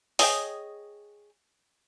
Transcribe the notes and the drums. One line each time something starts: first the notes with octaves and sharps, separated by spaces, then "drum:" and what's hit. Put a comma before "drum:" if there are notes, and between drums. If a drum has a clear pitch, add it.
G#4 C#5 D#5 G5, drum: open hi-hat